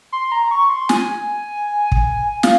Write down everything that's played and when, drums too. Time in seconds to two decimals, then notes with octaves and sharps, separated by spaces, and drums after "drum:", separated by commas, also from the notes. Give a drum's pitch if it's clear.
0.12 C6
0.32 A#5
0.51 C#6
0.69 C6
0.89 G#5, drum: snare
1.92 drum: kick
2.43 F5, drum: snare